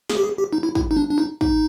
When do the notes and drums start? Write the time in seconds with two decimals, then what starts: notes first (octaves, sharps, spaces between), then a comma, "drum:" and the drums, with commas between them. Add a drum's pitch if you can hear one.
0.09 G#4, drum: snare
0.17 G4
0.24 G#4
0.38 G4
0.53 D#4
0.63 E4
0.75 E4, drum: kick
0.91 D#4
0.97 D4
1.10 D4
1.18 D#4
1.41 D#4, drum: kick